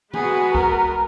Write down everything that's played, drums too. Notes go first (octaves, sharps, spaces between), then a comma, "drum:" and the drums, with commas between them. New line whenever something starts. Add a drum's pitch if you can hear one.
G#3 B3 F#4 G#4 B4, drum: tom D#3
A#4, drum: kick C2